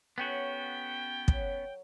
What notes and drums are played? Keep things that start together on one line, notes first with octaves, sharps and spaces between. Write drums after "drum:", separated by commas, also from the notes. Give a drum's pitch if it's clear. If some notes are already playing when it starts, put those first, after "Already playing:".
C#3 B3 C#4 F#4 G#4 A4 G5
F#3, drum: kick